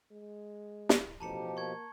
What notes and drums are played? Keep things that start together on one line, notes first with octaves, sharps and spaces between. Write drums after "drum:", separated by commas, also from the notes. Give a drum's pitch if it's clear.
G#3
E4, drum: snare
A1 B2 F3 G4 A5 A#5 C#7
A#3 C#6 G#6